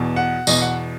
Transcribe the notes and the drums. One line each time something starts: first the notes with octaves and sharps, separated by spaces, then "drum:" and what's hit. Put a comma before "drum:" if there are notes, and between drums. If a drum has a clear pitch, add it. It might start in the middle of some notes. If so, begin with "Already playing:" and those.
Already playing: E2 B2
F#5
E2 B2 D#5, drum: tambourine
F#5